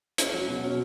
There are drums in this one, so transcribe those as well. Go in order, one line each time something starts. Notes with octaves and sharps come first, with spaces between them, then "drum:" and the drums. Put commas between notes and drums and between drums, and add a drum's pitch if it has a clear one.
C#4, drum: hi-hat
F#3
B2
C#4